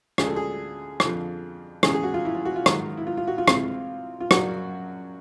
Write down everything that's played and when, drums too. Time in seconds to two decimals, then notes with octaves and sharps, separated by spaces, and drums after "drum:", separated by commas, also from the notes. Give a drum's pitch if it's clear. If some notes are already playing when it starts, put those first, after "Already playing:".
0.18 D2 C#3 F3 G#3 G#4, drum: rim click
0.26 A4
0.36 G#4
1.00 F2 D3 F3, drum: rim click
1.83 E2 C#3 E3 G#3 C#4 G#4, drum: rim click
1.94 G#4
2.03 F#4
2.14 F4
2.25 E4
2.35 F4
2.45 F#4
2.56 F4
2.66 G#2 D#3 F#3, drum: rim click
2.97 E4
3.07 F4
3.17 F4
3.27 F#4
3.38 F4
3.48 C3 E3 G#3 C4, drum: rim click
4.20 F4
4.31 F#2 C#3 F#3 A#3 D4 F#4, drum: rim click